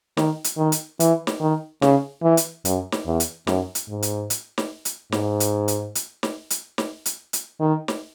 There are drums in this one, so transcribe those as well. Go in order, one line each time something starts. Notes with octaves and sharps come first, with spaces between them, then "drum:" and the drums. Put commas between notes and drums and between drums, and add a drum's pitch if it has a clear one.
D#3, drum: snare
drum: hi-hat
D#3
drum: hi-hat
E3, drum: hi-hat
drum: snare
D#3
C#3, drum: snare
E3
drum: hi-hat
F#2, drum: hi-hat
drum: snare
E2
drum: hi-hat
F#2, drum: snare
drum: hi-hat
G#2
drum: hi-hat
drum: hi-hat
drum: snare
drum: hi-hat
G#2, drum: snare
drum: hi-hat
drum: hi-hat
drum: hi-hat
drum: snare
drum: hi-hat
drum: snare
drum: hi-hat
drum: hi-hat
D#3
drum: snare